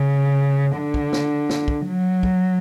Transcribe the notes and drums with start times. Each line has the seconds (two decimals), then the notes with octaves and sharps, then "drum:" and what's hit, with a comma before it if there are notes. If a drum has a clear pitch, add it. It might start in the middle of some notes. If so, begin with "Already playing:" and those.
Already playing: C#3
0.76 D3
0.94 drum: kick
1.13 drum: snare
1.49 drum: snare
1.68 drum: kick
1.86 F#3
2.23 drum: kick